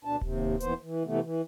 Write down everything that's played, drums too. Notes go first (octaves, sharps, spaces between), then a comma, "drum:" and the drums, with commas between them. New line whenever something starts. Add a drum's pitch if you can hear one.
D2 B2 D4 A5
D#2 C3, drum: kick D1
D#2 E3 B3 C5, drum: hi-hat
E3
C3 E3 A3 B3
E3